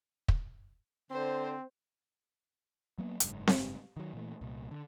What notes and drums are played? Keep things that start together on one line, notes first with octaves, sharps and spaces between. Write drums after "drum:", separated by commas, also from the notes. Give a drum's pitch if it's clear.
drum: kick
D3 C4 C5
F#3 A#3 B3
F#1 G#2, drum: hi-hat
drum: snare C4
D#3 F#3
A#2 E3 A3
C2 A#2
D3